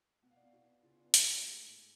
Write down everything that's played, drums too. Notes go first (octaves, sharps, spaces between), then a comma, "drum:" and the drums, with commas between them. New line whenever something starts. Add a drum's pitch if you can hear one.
B2 F#5
F5
D5
B2 F5
F#4
B3
C#3 F4
D4
B3
F4, drum: hi-hat
G#3 F#4
A3 G#4
G#2